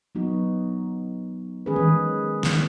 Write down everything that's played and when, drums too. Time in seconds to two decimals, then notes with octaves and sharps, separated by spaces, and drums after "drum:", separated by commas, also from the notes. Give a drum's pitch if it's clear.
0.15 F#3 B3 D#4 F#4
1.66 D#3 G#3 C#4 G#4 B4
1.76 drum: tom D#3
2.43 drum: snare